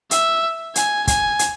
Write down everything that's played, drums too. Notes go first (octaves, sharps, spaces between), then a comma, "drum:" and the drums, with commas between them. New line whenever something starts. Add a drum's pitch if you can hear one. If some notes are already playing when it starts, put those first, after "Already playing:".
E5, drum: hi-hat
G#5, drum: hi-hat
G#5, drum: kick, hi-hat
drum: hi-hat